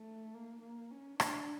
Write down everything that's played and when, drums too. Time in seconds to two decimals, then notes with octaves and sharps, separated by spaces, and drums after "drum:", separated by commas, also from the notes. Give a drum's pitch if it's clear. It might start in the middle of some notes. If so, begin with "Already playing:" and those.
Already playing: A3
0.34 A#3
0.62 A#3
0.91 C#4
1.20 D4, drum: rim click